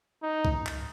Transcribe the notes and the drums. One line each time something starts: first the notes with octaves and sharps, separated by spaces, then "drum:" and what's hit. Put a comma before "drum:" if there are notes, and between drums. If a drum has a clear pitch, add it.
D#4
drum: kick C#2
drum: clap